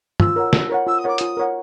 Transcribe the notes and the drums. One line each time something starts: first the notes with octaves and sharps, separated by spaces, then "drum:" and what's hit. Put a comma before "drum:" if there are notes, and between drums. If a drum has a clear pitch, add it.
F4 E6, drum: tom
A#4 C#5 F#5
F4, drum: snare
A#4 C#5 F#5
F4 E6
D#6
A#4 C#5 F#5 D6
F4 D#6, drum: hi-hat
A#4 C#5 F#5